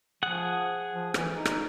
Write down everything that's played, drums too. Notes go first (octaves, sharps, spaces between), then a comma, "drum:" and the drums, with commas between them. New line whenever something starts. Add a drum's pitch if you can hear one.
F3 G#4 F#5 F#6
F3
E3, drum: rim click
D#4
drum: rim click